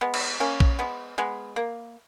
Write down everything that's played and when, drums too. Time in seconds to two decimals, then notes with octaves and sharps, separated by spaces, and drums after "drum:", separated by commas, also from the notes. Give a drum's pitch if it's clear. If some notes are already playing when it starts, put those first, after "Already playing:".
0.01 G#3 B3
0.14 drum: cymbal
0.40 A#3 C#4
0.60 drum: kick A#1
0.79 G#3 B3
1.18 G#3 B3
1.56 A#3